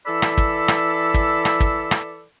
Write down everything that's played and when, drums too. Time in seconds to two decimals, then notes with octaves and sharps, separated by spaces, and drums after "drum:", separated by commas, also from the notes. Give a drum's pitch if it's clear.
0.07 E3 A4 D5 B5 E6
0.22 drum: rim click
0.38 drum: kick
0.68 drum: rim click
1.14 drum: kick
1.45 drum: rim click
1.60 drum: kick
1.91 drum: rim click